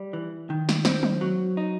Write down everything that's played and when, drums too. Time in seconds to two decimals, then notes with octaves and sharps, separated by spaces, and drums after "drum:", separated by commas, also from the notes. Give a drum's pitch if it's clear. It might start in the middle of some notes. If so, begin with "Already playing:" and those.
Already playing: G3
0.13 E3
0.50 D#3
0.69 drum: snare
0.85 C4, drum: snare
1.03 drum: tom
1.21 F#3
1.57 D#4